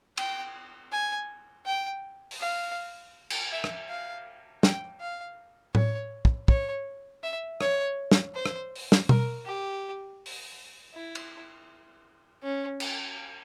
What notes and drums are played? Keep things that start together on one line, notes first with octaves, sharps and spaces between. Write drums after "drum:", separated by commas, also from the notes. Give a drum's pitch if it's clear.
G5, drum: cymbal
G#5
G5
drum: open hi-hat
F5
drum: cymbal
E5
drum: rim click
F5
G5, drum: snare
F5
C#5, drum: tom A2
drum: kick
C#5, drum: kick
E5
C#5, drum: rim click
drum: snare
C5
drum: rim click
drum: open hi-hat
drum: snare
A#4, drum: tom B2
G4
drum: open hi-hat
E4
drum: cymbal
C#4
drum: cymbal